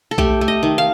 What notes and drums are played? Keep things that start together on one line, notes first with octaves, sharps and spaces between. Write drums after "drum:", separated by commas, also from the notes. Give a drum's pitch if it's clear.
A4
A3 G4, drum: kick B1
A3
D#5
D#3
F5